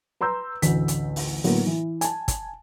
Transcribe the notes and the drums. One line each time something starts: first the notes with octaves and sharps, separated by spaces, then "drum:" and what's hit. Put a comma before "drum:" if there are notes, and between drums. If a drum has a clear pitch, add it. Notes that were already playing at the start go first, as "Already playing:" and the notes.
B4 A#5 C6 E6 G6
A1 D2 B6, drum: hi-hat
drum: hi-hat
drum: open hi-hat
A2 D3 F#3 A#3 B3, drum: open hi-hat
E3
G#5 A5, drum: hi-hat
drum: kick, hi-hat